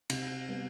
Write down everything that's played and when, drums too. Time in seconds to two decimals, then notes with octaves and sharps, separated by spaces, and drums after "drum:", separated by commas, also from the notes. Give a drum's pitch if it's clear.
0.10 C3, drum: cymbal
0.49 G3 B3